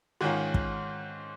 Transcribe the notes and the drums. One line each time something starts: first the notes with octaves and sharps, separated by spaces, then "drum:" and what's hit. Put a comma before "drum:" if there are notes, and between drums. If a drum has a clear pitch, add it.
G#2 D#3 C#4 F4
drum: kick